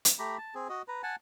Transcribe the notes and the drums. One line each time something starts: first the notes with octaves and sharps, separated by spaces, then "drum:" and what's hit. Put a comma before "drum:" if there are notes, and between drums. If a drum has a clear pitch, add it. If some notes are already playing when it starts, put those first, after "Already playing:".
drum: hi-hat
A3 G4 A#5 B5
A5
C4 G#4
F#4 D#5
B4 A#5
F#5 G#5 A5